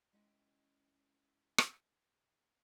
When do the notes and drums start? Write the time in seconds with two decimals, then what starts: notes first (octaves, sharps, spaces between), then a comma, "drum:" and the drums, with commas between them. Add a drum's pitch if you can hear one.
0.13 G#3 C#4 E4 D#5 F#5 G5
1.58 drum: rim click